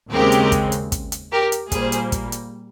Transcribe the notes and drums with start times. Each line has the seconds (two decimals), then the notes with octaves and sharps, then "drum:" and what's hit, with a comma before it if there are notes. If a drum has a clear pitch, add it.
0.11 D#2 C#3 G#3 C4 G4 A#4
0.32 drum: hi-hat
0.52 drum: kick, hi-hat
0.72 drum: hi-hat
0.92 drum: kick, hi-hat
1.12 drum: hi-hat
1.32 G4 A#4
1.52 drum: hi-hat
1.72 A#2 G3 A#3 G#4 C5, drum: kick, hi-hat
1.92 drum: hi-hat
2.12 drum: kick, hi-hat
2.32 drum: hi-hat